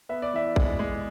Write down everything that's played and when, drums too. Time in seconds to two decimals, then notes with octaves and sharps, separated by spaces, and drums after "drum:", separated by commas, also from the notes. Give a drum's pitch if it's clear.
0.09 B3 E5
0.22 D5
0.33 E3 E5
0.56 G#3, drum: kick
0.79 G#3